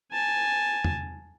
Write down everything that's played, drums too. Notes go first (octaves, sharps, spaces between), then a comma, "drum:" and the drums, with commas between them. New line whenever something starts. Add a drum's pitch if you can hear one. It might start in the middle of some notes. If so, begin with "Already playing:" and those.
G#5 A5
drum: tom